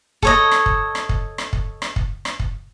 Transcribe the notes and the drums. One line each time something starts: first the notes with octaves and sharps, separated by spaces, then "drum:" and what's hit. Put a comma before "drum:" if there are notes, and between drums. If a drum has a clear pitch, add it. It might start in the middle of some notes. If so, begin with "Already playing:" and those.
A4 C#5 D#5, drum: kick
drum: rim click
drum: kick
drum: rim click
drum: kick
drum: rim click
drum: kick
drum: rim click
drum: kick
drum: rim click
drum: kick